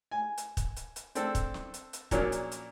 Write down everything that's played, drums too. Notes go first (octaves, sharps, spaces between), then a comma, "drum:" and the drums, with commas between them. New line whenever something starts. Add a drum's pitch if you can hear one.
G#5
drum: hi-hat
drum: kick, hi-hat
drum: hi-hat
drum: hi-hat
C4 D4 A4, drum: hi-hat
drum: kick, hi-hat
drum: snare
drum: hi-hat
drum: hi-hat
A#2 F3 F#3 A#3 C#4 D4, drum: kick, hi-hat
drum: hi-hat
drum: hi-hat